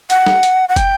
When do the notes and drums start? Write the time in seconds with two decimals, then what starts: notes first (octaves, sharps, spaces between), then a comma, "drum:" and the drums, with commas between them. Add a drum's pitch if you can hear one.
0.10 F#5, drum: hi-hat
0.26 drum: snare
0.43 drum: hi-hat
0.69 F#5
0.76 G5, drum: kick, hi-hat